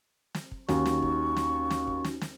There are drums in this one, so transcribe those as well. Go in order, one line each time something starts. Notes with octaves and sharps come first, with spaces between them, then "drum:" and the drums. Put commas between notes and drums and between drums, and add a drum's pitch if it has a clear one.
drum: snare
drum: kick
D#2 C#4 D#4 F#4 C#6, drum: snare
drum: snare
drum: kick
drum: snare
drum: snare
drum: kick
drum: snare
drum: snare